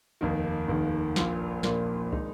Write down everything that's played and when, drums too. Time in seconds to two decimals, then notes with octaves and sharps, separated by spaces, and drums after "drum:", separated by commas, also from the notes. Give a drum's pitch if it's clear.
0.21 F1 D#2 D#3
0.68 F1 D#2 D#3
1.16 A#1 A#2 A#3 F4, drum: snare
1.63 A#1 A#2 A#3 F4, drum: snare
2.12 D#3 G#3 D#4, drum: kick